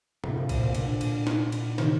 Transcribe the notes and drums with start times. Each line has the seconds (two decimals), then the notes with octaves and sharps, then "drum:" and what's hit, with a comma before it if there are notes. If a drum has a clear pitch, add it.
0.24 A2 C3, drum: tom A2
0.37 A#2
0.49 A2, drum: kick A#1, cymbal
0.63 A#2
0.75 A#2 D3, drum: cymbal
1.01 drum: cymbal
1.27 drum: snare
1.52 drum: cymbal
1.78 C3 D#3, drum: snare